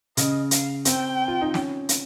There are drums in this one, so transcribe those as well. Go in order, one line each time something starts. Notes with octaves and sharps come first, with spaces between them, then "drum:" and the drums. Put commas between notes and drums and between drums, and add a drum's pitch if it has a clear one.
C#3 D#5, drum: hi-hat
F5, drum: hi-hat
C4 G5, drum: hi-hat
F4
D#4
C#4, drum: snare
drum: hi-hat